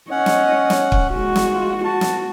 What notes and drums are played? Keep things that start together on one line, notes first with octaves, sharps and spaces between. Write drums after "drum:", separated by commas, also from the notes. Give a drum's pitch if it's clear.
C#4 C#5 D#5 F#5
drum: snare
drum: snare
drum: kick
G#3 F#4
drum: snare
F4
F#4 A5
drum: snare